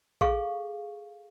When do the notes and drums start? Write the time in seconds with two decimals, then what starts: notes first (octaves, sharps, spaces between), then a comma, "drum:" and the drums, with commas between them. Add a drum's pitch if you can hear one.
0.21 G#4 A4 F5 C#6, drum: kick